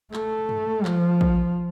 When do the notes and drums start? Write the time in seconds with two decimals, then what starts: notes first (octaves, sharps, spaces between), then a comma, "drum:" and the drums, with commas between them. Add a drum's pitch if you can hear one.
0.14 A3, drum: clap
0.49 drum: tom G2
0.85 F3, drum: clap
1.21 drum: kick